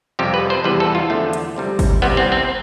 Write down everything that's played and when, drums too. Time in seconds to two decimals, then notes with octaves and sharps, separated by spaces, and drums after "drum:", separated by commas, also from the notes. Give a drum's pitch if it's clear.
0.19 F2 C3 G3 G4
0.34 B4
0.50 C5
0.64 E2 C3 E3 G3 B4
0.80 A4
0.95 F4
1.10 E2 D3 F3 A3
1.33 drum: hi-hat
1.56 C2 C3 G3
1.79 drum: kick G1, open hi-hat
2.02 C2 C3 G3 B3
2.17 C4
2.32 C4